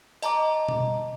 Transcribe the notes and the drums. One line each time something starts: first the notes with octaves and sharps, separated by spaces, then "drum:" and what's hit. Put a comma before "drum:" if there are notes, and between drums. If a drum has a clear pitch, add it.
D#5 A5 A#5 D6, drum: tambourine
drum: tom B2